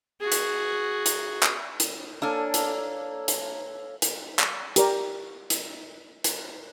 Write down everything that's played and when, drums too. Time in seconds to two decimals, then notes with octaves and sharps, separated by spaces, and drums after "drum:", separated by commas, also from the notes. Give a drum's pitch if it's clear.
0.21 F#4 G#4
0.32 drum: hi-hat
1.06 drum: hi-hat
1.43 drum: clap
1.80 drum: hi-hat
2.22 A#3 D4 A4 C#5 G#5
2.54 drum: hi-hat
3.28 drum: hi-hat
4.02 drum: hi-hat
4.39 drum: clap
4.76 G4 A#4 D5, drum: hi-hat
5.50 drum: hi-hat
6.24 drum: hi-hat